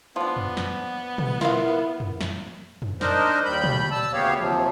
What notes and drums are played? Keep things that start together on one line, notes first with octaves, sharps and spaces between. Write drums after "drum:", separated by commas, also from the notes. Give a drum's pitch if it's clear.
F3 B3 D4
drum: tom
drum: snare
drum: tom
E4 F4 A#4 F5, drum: snare
drum: tom
drum: snare
drum: tom
D4 D#4 A#4 C5 D#5, drum: snare
D#2 G3 B5 G6
drum: tom
A5 E6
D2 C#3 B3 G4 C#5 F5
D#2 C3 F3 F#3